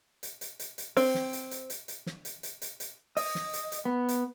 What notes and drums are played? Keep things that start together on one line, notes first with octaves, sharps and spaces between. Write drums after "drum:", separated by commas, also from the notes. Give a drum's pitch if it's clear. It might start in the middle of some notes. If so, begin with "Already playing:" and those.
drum: hi-hat
drum: hi-hat
drum: hi-hat
drum: hi-hat
C4, drum: open hi-hat
drum: snare
drum: hi-hat
drum: hi-hat
drum: hi-hat
drum: hi-hat
drum: snare
drum: hi-hat
drum: hi-hat
drum: hi-hat
drum: hi-hat
D#5, drum: open hi-hat
drum: snare
drum: hi-hat
drum: hi-hat
B3
drum: hi-hat